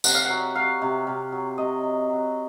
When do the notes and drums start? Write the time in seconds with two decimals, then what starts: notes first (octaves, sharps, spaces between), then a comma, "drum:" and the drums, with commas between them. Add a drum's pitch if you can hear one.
0.04 C3 F#5, drum: tambourine
0.15 F5
0.25 F#3 F#5
0.55 F#3 F5
0.82 C3
1.07 C3
1.32 F#3
1.58 C3 D#5
1.83 F#3
2.10 F#3